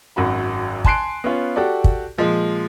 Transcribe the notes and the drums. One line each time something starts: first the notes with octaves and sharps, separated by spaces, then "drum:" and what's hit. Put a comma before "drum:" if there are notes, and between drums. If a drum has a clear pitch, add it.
G#1 F#2 F#4 B5
G#5 A5 C6 F#6 C7 D7, drum: kick
B3 C#4 F4
F#4 G4 A4 D5
drum: kick
A#2 F3 G#3